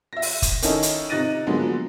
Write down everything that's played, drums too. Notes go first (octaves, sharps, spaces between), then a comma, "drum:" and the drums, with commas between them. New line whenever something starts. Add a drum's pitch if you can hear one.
E5 A#6
drum: open hi-hat
drum: kick F1, hi-hat
D#3 C#4 E4 A4 D#5, drum: hi-hat
drum: hi-hat
C3 D#4 F#6 A6 A#6 D#7
D3 F3 F#3 G#3 A#3 B3